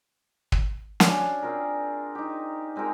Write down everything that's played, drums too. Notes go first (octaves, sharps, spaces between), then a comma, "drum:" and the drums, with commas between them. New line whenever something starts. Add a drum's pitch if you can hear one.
drum: kick
C#4 D4 F#4, drum: snare
C4 F4 G#4 A#4
D#4 G4
G#3 C4 F4 A#4